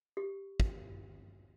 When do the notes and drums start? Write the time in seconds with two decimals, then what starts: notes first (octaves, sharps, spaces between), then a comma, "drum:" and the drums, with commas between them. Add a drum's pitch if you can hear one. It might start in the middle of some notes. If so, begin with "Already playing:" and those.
0.17 G4
0.60 drum: kick